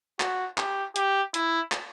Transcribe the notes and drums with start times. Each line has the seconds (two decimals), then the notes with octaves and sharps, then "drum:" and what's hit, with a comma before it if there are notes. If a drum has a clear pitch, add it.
0.20 F#4, drum: clap
0.58 G4, drum: clap
0.96 G4, drum: hi-hat
1.34 E4, drum: hi-hat
1.72 drum: clap